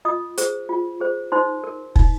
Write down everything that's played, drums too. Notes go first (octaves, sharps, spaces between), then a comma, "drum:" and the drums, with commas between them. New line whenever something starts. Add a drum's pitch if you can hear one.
F4 D#5 D#6
G#4 C5, drum: hi-hat
F4
G#4 C5
D#4 C5 C6
A#4
D#4, drum: kick